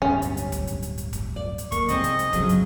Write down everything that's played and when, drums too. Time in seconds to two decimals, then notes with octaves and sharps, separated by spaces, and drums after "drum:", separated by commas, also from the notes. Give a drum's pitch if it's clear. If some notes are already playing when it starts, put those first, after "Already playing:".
0.02 D1 G1 G3 C#4
0.22 drum: hi-hat
0.37 drum: hi-hat
0.52 drum: kick, hi-hat
0.67 drum: hi-hat
0.82 drum: hi-hat
0.98 drum: hi-hat
1.13 drum: kick, hi-hat
1.36 D5
1.58 drum: hi-hat
1.72 A#3 C#6, drum: kick, hi-hat
1.88 C2 G#2 C4 D#5, drum: hi-hat
2.04 drum: hi-hat
2.19 drum: hi-hat
2.33 D1 G1 C#3 F#3 G#3, drum: kick, hi-hat
2.49 drum: hi-hat